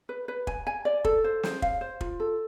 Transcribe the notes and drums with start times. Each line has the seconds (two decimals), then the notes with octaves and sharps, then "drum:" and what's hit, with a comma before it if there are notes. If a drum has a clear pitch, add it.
0.09 B4
0.28 B4
0.47 G#5, drum: kick
0.67 G#5
0.85 D5
1.04 A4, drum: kick
1.24 C5
1.43 C5, drum: snare
1.62 F5, drum: kick
1.81 C5
2.01 F4, drum: kick
2.20 A4